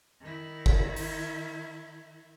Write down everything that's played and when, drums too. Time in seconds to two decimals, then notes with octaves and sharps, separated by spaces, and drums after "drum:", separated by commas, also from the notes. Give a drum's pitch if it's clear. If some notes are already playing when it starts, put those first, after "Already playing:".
0.21 D#3 E4
0.66 drum: kick
0.96 drum: open hi-hat